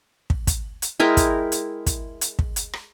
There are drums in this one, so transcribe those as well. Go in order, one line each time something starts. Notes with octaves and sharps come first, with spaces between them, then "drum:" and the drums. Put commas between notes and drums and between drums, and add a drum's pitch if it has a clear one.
drum: kick
drum: kick, hi-hat
drum: hi-hat
G#3 E4 A#4 G5
drum: kick, hi-hat
drum: hi-hat
drum: kick, hi-hat
drum: hi-hat
drum: kick
drum: hi-hat
drum: rim click